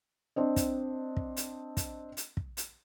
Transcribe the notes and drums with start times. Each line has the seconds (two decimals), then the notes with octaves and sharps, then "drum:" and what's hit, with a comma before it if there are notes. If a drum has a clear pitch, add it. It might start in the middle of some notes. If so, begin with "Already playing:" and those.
0.36 C4 D4 D#5
0.56 drum: kick, hi-hat
1.17 drum: kick
1.37 drum: hi-hat
1.77 drum: kick, hi-hat
2.17 drum: hi-hat
2.37 drum: kick
2.57 drum: hi-hat